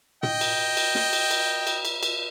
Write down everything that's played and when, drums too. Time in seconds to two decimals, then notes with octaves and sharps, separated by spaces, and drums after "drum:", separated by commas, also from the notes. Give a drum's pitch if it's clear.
0.23 D#5 G5, drum: tom
0.41 drum: cymbal
0.77 drum: cymbal
0.95 drum: snare
1.13 drum: cymbal
1.31 drum: cymbal
1.67 drum: cymbal
1.85 drum: cymbal
2.03 drum: cymbal